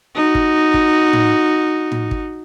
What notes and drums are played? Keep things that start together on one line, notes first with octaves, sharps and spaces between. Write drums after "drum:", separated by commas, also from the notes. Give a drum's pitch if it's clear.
D#4 F#4
drum: kick
drum: kick
drum: tom A2
drum: tom A2
drum: kick